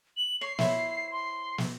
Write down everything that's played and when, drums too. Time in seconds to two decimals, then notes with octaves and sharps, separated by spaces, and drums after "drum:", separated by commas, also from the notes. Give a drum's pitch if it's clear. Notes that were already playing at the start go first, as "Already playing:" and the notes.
0.17 F#7
0.41 C#5 C7
0.59 E4 C5 C#5, drum: snare
1.11 C6
1.58 drum: snare